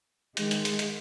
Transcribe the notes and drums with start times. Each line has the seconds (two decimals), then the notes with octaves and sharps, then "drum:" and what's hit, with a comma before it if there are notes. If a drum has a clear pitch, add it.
0.37 D#3 G#3, drum: hi-hat
0.51 drum: hi-hat
0.65 drum: hi-hat
0.79 drum: hi-hat